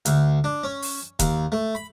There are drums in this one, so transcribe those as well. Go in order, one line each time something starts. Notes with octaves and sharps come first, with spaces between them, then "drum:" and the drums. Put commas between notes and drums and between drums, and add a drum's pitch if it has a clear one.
D2, drum: hi-hat
D4
C#4
drum: open hi-hat
D#2, drum: kick, hi-hat
A3
B5